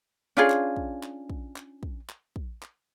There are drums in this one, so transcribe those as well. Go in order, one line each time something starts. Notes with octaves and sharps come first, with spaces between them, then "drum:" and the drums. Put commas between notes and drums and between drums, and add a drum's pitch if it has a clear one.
C#4 D4 F4 G#4
drum: clap
drum: kick
drum: clap
drum: kick
drum: clap
drum: kick
drum: clap
drum: kick
drum: clap